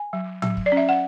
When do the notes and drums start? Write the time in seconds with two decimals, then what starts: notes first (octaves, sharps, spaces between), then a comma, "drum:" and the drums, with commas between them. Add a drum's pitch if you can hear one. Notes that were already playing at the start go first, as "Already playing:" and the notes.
Already playing: G#5
0.13 F#3
0.42 F#3, drum: tom A2
0.57 drum: kick
0.66 D5
0.72 C#4
0.77 E5
0.89 F#5